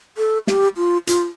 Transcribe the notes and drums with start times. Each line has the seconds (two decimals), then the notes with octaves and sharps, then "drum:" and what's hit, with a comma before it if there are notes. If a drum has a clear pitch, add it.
0.17 A4
0.47 G4, drum: snare
0.77 F4
1.07 F4, drum: hi-hat